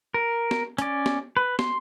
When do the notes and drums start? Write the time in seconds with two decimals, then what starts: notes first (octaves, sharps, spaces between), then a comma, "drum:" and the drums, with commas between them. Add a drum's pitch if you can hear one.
0.14 A#4
0.51 drum: snare
0.78 C#4 D5, drum: hi-hat
1.06 drum: snare
1.37 B4
1.59 C6, drum: snare